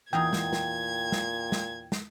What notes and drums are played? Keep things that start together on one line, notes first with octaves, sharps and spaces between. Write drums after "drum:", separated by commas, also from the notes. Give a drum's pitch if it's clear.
E2 A#2 D#4 G#4 G5 G#6
drum: snare
drum: snare
drum: snare
drum: snare
drum: snare